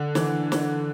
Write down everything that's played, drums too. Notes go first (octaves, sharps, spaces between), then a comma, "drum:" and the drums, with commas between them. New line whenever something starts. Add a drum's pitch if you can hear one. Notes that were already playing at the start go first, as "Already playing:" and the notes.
Already playing: D3
E3, drum: snare
drum: snare